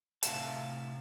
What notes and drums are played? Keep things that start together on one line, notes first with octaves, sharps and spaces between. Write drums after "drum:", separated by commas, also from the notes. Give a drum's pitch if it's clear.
A2 C3 F#3 E5 F5 A5, drum: hi-hat